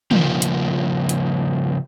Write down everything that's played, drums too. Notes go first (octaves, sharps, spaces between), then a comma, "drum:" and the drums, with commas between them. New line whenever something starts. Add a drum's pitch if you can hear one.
C#3 F3 A#3 F4 G4 A#4, drum: tom
drum: hi-hat
drum: hi-hat